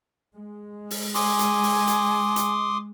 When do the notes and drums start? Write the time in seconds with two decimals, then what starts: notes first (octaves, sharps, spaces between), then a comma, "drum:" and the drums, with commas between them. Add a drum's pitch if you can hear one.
0.34 G#3
0.91 drum: open hi-hat
1.15 G#5 C6 D6 D#6, drum: open hi-hat
1.39 drum: hi-hat
1.63 drum: open hi-hat
1.88 drum: hi-hat
2.36 drum: hi-hat